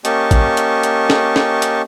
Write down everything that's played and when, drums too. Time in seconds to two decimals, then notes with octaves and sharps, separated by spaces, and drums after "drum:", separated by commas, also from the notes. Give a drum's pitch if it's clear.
0.05 A#3 C#4 G4 D#5 A5 C#6, drum: hi-hat
0.31 drum: kick, hi-hat
0.57 drum: hi-hat
0.83 drum: hi-hat
1.10 drum: snare
1.36 drum: snare
1.62 drum: hi-hat